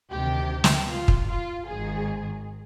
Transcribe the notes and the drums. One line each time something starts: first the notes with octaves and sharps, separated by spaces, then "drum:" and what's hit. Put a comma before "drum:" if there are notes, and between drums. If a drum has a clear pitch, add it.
D2 C3 D#3 G4
drum: snare
F4
drum: kick
F4
G#1 G#2 D#3 G#4